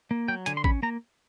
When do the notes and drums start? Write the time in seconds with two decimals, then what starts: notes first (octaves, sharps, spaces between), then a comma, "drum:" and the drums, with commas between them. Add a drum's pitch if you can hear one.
0.11 A#3
0.28 F#3 G5
0.46 D3 G#5, drum: hi-hat
0.57 C6
0.64 C#4 B5, drum: kick
0.83 A#3 A#5